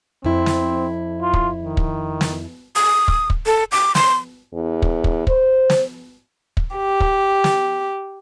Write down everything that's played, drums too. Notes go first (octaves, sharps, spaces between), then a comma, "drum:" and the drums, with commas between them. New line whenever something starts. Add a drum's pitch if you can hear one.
F2 C4 E4
drum: snare
F4
drum: kick
D#3
drum: kick
drum: snare
D#6
drum: kick
drum: kick
A4
D6
C6, drum: snare
E2
drum: kick
drum: kick
C5, drum: kick
drum: snare
drum: kick
G4
drum: kick
drum: snare